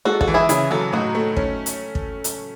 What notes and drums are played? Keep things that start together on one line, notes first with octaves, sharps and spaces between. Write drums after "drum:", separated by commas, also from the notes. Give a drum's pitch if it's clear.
G#3 F#4 A4
F#4 A4, drum: kick
E3
E4 G#4
C#3 E4 G#4, drum: hi-hat
F#3 F#4 A4
A2 D#4 F#4
A3
C#4, drum: kick
drum: hi-hat
drum: kick
drum: hi-hat